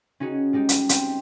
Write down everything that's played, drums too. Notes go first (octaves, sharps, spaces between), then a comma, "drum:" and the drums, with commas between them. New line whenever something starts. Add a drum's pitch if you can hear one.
C#4 D#4 F#4 G#4 C#5
G3 G#3 D#4 G4
drum: hi-hat
C4, drum: hi-hat